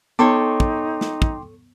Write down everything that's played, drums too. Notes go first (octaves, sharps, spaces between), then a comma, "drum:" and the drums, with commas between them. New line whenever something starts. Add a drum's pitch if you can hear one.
B3 D#4 A4 C#5 G5 C6 D6
drum: kick
drum: snare
drum: kick